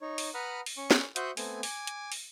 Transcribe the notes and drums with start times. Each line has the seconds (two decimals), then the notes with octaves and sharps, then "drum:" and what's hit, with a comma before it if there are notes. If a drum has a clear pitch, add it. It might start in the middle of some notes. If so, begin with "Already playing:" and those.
0.01 D#4 C#5
0.18 drum: open hi-hat
0.34 B4 F#5 A#5 B5 D#6 F6
0.66 drum: open hi-hat
0.77 C#4 C#6
0.91 drum: snare
1.16 F#4 C5 E5 F#5 D#6 G6, drum: hi-hat
1.37 A3 B3 C4 G#5, drum: open hi-hat
1.63 G#5 D6, drum: open hi-hat
1.87 drum: hi-hat
2.12 drum: open hi-hat